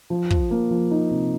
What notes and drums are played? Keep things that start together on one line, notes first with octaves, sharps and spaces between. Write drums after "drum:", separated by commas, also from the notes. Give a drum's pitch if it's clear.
F3
F3, drum: kick
A#3
F3
D#4
C3